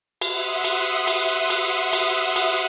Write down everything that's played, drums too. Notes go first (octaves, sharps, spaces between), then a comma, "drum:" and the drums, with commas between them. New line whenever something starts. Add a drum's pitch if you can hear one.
E5 F#5 C6 D#6, drum: cymbal
drum: cymbal
drum: cymbal
drum: cymbal
drum: cymbal
drum: cymbal